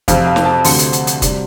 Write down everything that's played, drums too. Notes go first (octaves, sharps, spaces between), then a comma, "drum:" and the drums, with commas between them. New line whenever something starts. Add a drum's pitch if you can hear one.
F2 C3 F3 F5, drum: kick, hi-hat
F5
drum: snare
A5
D2 C3 A3 C4 C6, drum: open hi-hat
drum: hi-hat
drum: hi-hat
drum: hi-hat
C3 G3, drum: kick, hi-hat